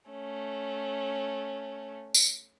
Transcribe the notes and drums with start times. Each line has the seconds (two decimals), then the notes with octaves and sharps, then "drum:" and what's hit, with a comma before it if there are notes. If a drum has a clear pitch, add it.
0.10 A3 C#4
2.14 drum: tambourine